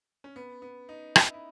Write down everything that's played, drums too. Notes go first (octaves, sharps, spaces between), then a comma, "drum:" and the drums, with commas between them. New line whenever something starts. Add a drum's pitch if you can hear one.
C#4
B3
B3
D#4
E4, drum: rim click
E4